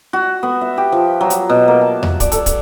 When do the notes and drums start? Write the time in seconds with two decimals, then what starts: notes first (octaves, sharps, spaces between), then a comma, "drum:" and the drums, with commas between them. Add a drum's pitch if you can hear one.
0.13 F#4
0.43 B3
0.61 E5
0.77 G4
0.92 F3
1.21 F#3
1.30 drum: hi-hat
1.50 B2
1.68 A#3
1.81 A5
2.03 drum: tom E2
2.20 D5, drum: kick, hi-hat
2.32 A4, drum: hi-hat
2.46 drum: kick, hi-hat